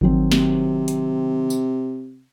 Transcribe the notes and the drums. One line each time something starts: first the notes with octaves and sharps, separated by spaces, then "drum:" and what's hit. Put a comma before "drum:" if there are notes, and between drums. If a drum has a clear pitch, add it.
D#3 F#3 C4, drum: kick G#1
C3, drum: snare
drum: hi-hat
drum: tambourine